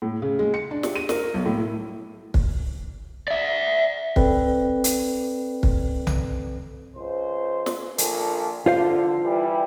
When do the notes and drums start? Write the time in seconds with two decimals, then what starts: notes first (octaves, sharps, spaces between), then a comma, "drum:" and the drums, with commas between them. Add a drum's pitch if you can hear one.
0.02 A2
0.22 C#3
0.39 G#3
0.54 C#7
0.71 D4
0.83 G4, drum: snare
0.96 D#7
1.09 A#4, drum: snare
1.34 B1
1.46 A2
1.60 E4
2.34 drum: kick
3.28 D5 E5
4.16 C4 A4 B4 D5 G5, drum: kick
4.84 drum: hi-hat
5.63 drum: kick
6.07 drum: tom B1
6.96 C#2 C5
7.66 drum: snare
7.98 A#1 A#2 A4, drum: hi-hat
8.66 D3 F4 C5 F5
9.24 E3 G3